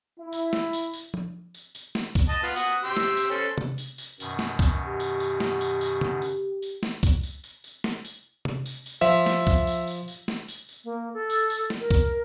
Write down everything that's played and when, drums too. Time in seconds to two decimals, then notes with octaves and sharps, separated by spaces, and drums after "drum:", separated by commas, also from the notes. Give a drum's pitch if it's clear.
0.20 E4
0.33 drum: tambourine
0.53 drum: snare
0.73 drum: tambourine
0.93 drum: tambourine
1.14 drum: tom F3
1.54 drum: tambourine
1.75 drum: tambourine
1.95 drum: snare
2.15 drum: kick B1, tambourine
2.29 D#5 A5
2.43 B3 F4
2.56 F#4 F#5 D#6, drum: tambourine
2.84 G4 C6 E6
2.97 drum: snare
3.17 drum: tambourine
3.30 C#4 A4 C5
3.58 drum: tom C3
3.78 drum: tambourine
3.98 drum: tambourine
4.20 F#2 B2 D#3, drum: tambourine
4.39 drum: snare
4.59 drum: kick B1, tambourine
4.86 G4
5.00 drum: tambourine
5.20 drum: tambourine
5.40 drum: snare
5.61 drum: tambourine
5.81 drum: tambourine
6.01 drum: tom C#3
6.22 drum: tambourine
6.62 drum: tambourine
6.83 drum: snare
7.03 drum: kick B1, tambourine
7.23 drum: tambourine
7.44 drum: tambourine
7.64 drum: tambourine
7.84 drum: snare
8.05 drum: tambourine
8.45 drum: tom C3
8.66 drum: tambourine
8.86 drum: tambourine
9.01 F3 E5
9.26 drum: snare
9.47 drum: kick B1, tambourine
9.67 drum: tambourine
9.87 drum: tambourine
10.08 drum: tambourine
10.28 drum: snare
10.48 drum: tambourine
10.69 drum: tambourine
10.84 A#3
11.14 A4
11.30 drum: tambourine
11.50 drum: tambourine
11.70 drum: snare
11.80 A#4
11.91 drum: kick B1, tambourine